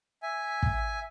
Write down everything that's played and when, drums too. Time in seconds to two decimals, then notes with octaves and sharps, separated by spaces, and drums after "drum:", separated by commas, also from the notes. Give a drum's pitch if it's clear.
0.23 E5 G#5
0.63 drum: kick